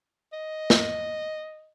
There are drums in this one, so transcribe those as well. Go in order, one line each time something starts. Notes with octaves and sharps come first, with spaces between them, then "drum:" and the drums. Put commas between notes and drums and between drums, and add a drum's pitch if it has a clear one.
D#5
drum: snare